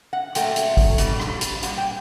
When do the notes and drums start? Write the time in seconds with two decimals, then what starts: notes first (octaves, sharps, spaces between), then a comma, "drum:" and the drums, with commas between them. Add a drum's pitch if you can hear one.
0.13 F#5
0.35 A#2 F#3 A3 G5, drum: hi-hat
0.56 drum: hi-hat
0.77 drum: kick, open hi-hat
0.98 B2 G3, drum: hi-hat
1.20 drum: rim click
1.41 drum: hi-hat
1.63 A#2 G3 F#5, drum: hi-hat
1.78 G5